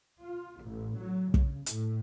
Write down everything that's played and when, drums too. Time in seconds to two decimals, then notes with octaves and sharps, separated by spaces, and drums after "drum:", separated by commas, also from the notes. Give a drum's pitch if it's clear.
0.22 F4
0.63 A1
0.99 F#3
1.34 C#3, drum: kick
1.66 A2, drum: hi-hat